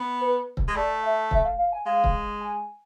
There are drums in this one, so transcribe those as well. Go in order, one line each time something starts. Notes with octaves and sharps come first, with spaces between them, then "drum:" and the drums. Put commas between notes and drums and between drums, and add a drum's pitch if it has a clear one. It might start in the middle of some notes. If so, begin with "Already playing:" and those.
Already playing: B3
B4
drum: kick C#1
G#3
A3 D5
E5
E5, drum: kick C#1
F5
F5
G#5
G#3 F5
drum: kick C#1
G#5